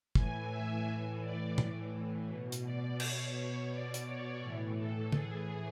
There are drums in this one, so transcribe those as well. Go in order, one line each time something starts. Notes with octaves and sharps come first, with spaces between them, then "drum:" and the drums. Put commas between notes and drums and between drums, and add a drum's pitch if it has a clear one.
A2 E3 G#5, drum: kick
E5
A2 E3
D5
A2 E3, drum: tom
B2
drum: hi-hat
D5
B2 C#5, drum: cymbal
B2 D5
drum: hi-hat
C#5
A2 E3
A4
A2 E3 G#4, drum: tom